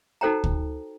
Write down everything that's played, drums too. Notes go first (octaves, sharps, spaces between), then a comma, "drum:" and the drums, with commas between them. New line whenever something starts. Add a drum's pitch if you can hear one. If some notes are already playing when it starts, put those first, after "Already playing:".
D#4 F#4 A4 C5 G5 A#5
drum: kick